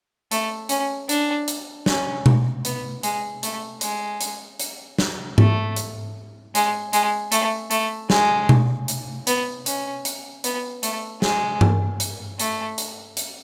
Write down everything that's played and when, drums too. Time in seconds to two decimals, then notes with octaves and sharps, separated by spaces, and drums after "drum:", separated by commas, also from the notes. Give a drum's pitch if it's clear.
0.31 A3, drum: hi-hat
0.69 C#4, drum: hi-hat
1.09 D4, drum: hi-hat
1.48 drum: hi-hat
1.86 C#4, drum: snare
2.26 drum: tom B2
2.65 B3, drum: hi-hat
3.03 G#3, drum: hi-hat
3.43 A3, drum: hi-hat
3.81 G#3, drum: hi-hat
4.21 drum: hi-hat
4.60 drum: hi-hat
4.99 drum: snare
5.38 A3, drum: tom G#2
5.76 drum: hi-hat
6.55 G#3, drum: hi-hat
6.93 G#3, drum: hi-hat
7.32 A3, drum: hi-hat
7.71 A3, drum: hi-hat
8.10 G#3, drum: snare
8.49 drum: tom B2
8.88 drum: hi-hat
9.27 B3, drum: hi-hat
9.66 C#4, drum: hi-hat
10.05 drum: hi-hat
10.44 B3, drum: hi-hat
10.83 A3, drum: hi-hat
11.22 G#3, drum: snare
11.61 drum: tom G2
12.00 drum: hi-hat
12.40 A3, drum: hi-hat
12.78 drum: hi-hat
13.17 drum: hi-hat